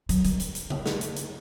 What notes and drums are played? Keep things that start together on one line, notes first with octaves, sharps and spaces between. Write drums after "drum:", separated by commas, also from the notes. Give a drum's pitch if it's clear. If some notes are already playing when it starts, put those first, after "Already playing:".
F#3, drum: hi-hat
G3, drum: hi-hat
drum: hi-hat
drum: hi-hat
drum: tom C#3
drum: snare
drum: hi-hat
drum: hi-hat